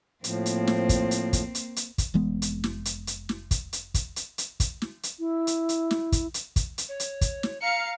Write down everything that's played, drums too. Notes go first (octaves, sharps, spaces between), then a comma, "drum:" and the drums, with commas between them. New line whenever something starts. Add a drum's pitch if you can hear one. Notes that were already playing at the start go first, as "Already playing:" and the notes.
A2 F3 A#3 C4, drum: hi-hat
drum: hi-hat
drum: snare
drum: kick, hi-hat
drum: hi-hat
drum: kick, hi-hat
drum: hi-hat
drum: hi-hat
drum: kick, hi-hat
F1 E3 G#3 B3
drum: hi-hat
drum: snare
drum: hi-hat
drum: hi-hat
drum: snare
drum: kick, hi-hat
drum: hi-hat
drum: kick, hi-hat
drum: hi-hat
drum: hi-hat
drum: kick, hi-hat
drum: snare
drum: hi-hat
E4
drum: hi-hat
drum: hi-hat
drum: snare
drum: kick, hi-hat
drum: hi-hat
drum: kick, hi-hat
drum: hi-hat
C#5
drum: hi-hat
drum: kick, hi-hat
drum: snare
F5 A#5 C#7